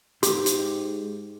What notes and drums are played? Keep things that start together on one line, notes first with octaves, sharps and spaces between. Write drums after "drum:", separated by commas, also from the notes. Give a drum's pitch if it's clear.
G#2 G4 C6, drum: hi-hat
drum: hi-hat